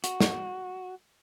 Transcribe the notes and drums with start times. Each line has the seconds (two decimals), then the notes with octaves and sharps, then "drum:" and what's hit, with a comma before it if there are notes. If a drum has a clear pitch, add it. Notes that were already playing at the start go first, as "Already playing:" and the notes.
0.04 F#4, drum: hi-hat
0.20 drum: snare